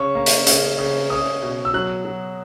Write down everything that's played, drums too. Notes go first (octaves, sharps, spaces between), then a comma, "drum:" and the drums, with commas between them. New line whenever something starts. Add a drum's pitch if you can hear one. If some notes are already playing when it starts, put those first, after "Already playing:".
Already playing: C#3 C#4 C#6
A#3
drum: hi-hat
C#3, drum: hi-hat
C#3
C#4 D#6
B2
E6
F#3 F#6
F#3